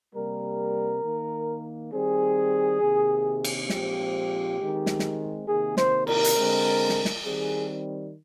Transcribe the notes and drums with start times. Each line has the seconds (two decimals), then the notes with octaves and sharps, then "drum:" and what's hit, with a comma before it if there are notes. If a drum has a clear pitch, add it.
0.14 C3 G3 A#3 A#4
1.03 D#3 A#3
1.92 D#3 G3 C4 G#4
2.81 C3 D#3 A#3
3.44 drum: cymbal
3.70 A#2 F3 G#3 C4 G4, drum: snare
4.59 D#3 G#3 C4
4.86 drum: snare
4.99 drum: snare
5.48 C3 D#3 A#3 G#4
5.77 C5, drum: snare
6.07 A#4, drum: cymbal
6.24 drum: hi-hat
6.36 D3 G#3 C4
6.89 drum: snare
7.05 drum: snare
7.25 D#3 G3 C4 G#4